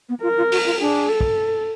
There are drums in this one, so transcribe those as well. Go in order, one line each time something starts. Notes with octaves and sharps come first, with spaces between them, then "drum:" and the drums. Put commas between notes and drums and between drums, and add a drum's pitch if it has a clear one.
B3
F4 A#4
F4
F#4, drum: open hi-hat
F4
D4 G#4
A4
drum: kick